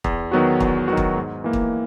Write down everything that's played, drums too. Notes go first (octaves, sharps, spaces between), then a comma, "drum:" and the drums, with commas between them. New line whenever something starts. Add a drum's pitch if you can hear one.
E2, drum: kick
D#3 F#3 B3 F#4
E2, drum: kick
D#3 F#3 B3 F#4
drum: kick
G#2
E3 A#3
drum: kick